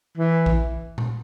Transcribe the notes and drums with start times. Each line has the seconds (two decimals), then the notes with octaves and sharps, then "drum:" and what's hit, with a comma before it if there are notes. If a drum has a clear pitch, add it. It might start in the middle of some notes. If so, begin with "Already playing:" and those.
0.18 E3
0.46 drum: kick A#1
0.98 drum: tom A#2